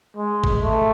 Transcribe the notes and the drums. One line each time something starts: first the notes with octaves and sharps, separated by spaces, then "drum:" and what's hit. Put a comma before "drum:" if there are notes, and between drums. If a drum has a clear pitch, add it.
G#3
drum: kick G#1
A3